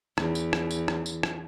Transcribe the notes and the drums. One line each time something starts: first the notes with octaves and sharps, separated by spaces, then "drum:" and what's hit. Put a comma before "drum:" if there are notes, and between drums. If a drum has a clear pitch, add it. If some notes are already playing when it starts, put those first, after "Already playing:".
E2, drum: rim click
drum: tambourine
drum: rim click
drum: tambourine
drum: rim click
drum: tambourine
drum: rim click